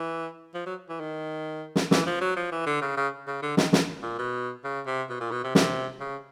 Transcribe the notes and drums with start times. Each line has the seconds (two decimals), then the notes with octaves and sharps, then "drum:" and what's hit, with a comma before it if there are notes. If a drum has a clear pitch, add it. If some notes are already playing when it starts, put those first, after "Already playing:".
Already playing: E3
0.54 F3
0.66 F#3
0.89 E3
1.00 D#3
1.76 drum: snare
1.91 E3, drum: snare
2.06 F3
2.21 F#3
2.36 F3
2.52 E3
2.66 D3
2.82 C#3
2.97 C#3
3.27 C#3
3.42 D3
3.57 D#3, drum: snare
3.73 drum: snare
4.03 A#2
4.18 B2
4.64 C#3
4.86 C3
5.09 B2
5.20 A#2
5.31 B2
5.44 C3
5.55 C3, drum: snare
6.00 C#3